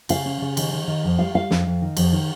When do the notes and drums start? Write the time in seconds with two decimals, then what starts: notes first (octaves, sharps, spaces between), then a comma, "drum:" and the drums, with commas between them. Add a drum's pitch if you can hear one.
0.09 C#3 F5, drum: cymbal
0.25 C#4
0.42 C#3
0.57 D#3, drum: cymbal
0.73 D#3
0.87 D#3
1.04 F2
1.19 G3 F5
1.34 G3 F5
1.51 F2, drum: snare
1.67 F2
1.82 D#3
1.97 F2, drum: cymbal
2.13 D#3